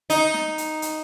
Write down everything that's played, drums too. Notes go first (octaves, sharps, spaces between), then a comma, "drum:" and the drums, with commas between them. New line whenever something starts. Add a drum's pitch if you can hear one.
D#4, drum: hi-hat
drum: snare
drum: hi-hat
drum: hi-hat